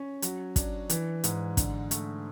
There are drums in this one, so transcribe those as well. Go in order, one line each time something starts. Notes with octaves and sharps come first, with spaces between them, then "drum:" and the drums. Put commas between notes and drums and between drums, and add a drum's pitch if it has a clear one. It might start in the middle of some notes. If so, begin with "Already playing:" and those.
Already playing: C#4
F#3, drum: hi-hat
D4, drum: kick, hi-hat
E3, drum: hi-hat
G#2, drum: hi-hat
D3, drum: kick, hi-hat
A3, drum: hi-hat